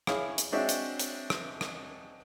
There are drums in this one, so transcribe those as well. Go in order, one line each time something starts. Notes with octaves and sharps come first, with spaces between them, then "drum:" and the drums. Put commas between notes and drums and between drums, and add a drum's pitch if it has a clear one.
E4 G#4 C#5 F5, drum: rim click
drum: hi-hat
G#3 C4 D4 F#4 C#5 E5
drum: hi-hat
drum: hi-hat
drum: rim click
drum: rim click